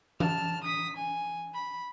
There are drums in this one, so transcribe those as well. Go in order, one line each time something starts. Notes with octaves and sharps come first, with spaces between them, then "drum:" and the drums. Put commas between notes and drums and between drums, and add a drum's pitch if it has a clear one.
A5 F6, drum: tom E3
D#6 B6
G#5
B5